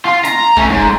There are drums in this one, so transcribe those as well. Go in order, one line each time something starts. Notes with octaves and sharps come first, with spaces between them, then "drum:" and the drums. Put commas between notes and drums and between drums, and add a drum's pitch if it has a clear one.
F4
A#5, drum: snare
A3 C#4, drum: kick
G#2